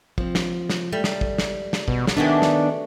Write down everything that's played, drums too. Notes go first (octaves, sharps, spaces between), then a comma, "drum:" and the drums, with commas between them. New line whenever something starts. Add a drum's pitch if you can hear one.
F3 C4, drum: kick
drum: snare
drum: snare
G3 A3
drum: snare
drum: kick
drum: snare
drum: snare
B2, drum: kick
drum: snare
D#3 A3 B3 D4 F#4 G4 G#5
drum: snare